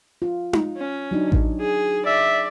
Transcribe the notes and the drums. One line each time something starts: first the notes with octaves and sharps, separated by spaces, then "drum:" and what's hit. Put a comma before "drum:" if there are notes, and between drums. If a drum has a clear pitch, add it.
F4
drum: tom D#4
C#4
F#3 D4 D#4
drum: kick A1
G#4
D5 E5